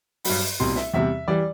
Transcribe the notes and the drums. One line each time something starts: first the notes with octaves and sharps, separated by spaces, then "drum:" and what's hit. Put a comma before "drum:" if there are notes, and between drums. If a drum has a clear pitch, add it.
G2 F#3 B5, drum: open hi-hat
C2 B2 G3 C6
E5, drum: snare
E2 C3 G3 E5
E3 G3 D5